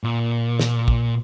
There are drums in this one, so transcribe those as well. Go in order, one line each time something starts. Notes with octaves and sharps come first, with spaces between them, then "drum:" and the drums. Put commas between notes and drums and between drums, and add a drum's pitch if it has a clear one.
A#2
drum: snare
drum: kick